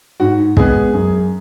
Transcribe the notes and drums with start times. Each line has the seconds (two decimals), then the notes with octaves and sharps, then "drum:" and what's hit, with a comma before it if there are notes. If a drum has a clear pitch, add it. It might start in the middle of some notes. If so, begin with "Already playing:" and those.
0.20 G#2 F#4
0.57 G#3 B3 G#4, drum: kick
0.93 F#2